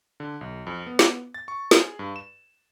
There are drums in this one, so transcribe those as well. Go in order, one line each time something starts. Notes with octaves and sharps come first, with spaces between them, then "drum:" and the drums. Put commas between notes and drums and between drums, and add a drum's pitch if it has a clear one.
D3
B1
F2
B3
drum: snare
A6
C#6
G#4, drum: snare
G2
E7